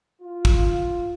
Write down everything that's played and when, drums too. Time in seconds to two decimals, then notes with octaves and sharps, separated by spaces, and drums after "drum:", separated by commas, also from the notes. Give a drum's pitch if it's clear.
0.21 F4
0.45 drum: kick